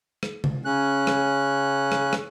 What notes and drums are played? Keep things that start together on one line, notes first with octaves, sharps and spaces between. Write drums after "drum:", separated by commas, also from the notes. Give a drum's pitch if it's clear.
drum: rim click
drum: tom C3
C#3 C#4 F#6
drum: rim click
drum: rim click
drum: rim click